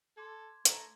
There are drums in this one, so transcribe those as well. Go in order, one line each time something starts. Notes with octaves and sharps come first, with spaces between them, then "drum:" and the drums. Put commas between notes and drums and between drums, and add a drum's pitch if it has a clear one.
A4 C6 D6 G#6
A3 A#5, drum: hi-hat